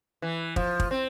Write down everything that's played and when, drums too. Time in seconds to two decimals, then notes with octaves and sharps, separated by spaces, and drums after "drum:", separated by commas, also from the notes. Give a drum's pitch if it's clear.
0.22 E3
0.56 F3, drum: kick
0.80 drum: kick
0.91 C4